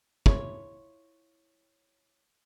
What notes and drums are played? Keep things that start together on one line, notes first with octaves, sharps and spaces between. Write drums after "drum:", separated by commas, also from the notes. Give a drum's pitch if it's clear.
E4 F4 C#5, drum: kick